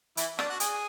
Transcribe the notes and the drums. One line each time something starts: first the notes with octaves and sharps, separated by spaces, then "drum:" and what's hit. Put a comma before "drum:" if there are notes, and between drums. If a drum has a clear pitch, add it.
E3 E4, drum: hi-hat
D4 D5, drum: rim click
F#4 F#5
G#4 G#5, drum: hi-hat